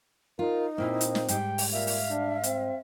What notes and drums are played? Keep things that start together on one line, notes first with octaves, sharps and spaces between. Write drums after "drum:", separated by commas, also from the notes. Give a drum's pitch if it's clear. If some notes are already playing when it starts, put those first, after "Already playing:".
D#4 F4 A#4
A#2 A#3 C4 E4
drum: hi-hat
drum: snare
G#2 G3 G5, drum: hi-hat
drum: open hi-hat
A#2 E5 F5
drum: open hi-hat
D4
C4, drum: hi-hat